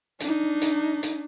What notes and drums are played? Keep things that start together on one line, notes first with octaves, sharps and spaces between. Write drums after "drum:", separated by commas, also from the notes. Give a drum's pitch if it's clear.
D4 D#4, drum: hi-hat
drum: hi-hat
drum: hi-hat